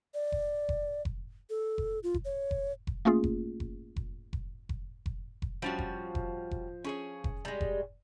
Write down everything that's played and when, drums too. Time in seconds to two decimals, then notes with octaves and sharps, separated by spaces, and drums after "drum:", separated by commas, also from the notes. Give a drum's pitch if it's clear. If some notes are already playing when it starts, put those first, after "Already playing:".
0.14 D5
0.32 drum: kick F1
0.69 drum: kick F1
1.05 drum: kick F1
1.50 A4
1.78 drum: kick F1
2.03 F4
2.14 drum: kick F1
2.25 C#5
2.51 drum: kick F1
2.87 drum: kick F1
3.05 A3 A#3 C#4 F4 G#4
3.24 drum: kick F1
3.60 drum: kick F1
3.96 drum: kick F1
4.33 drum: kick F1
4.69 drum: kick F1
5.06 drum: kick F1
5.42 drum: kick F1
5.62 F3 G3 C#4 F#4
5.79 drum: kick F1
6.15 drum: kick F1
6.51 drum: kick F1
6.84 C#4 G#4 C#5
7.24 drum: kick F1
7.45 G3 G#3
7.61 drum: kick F1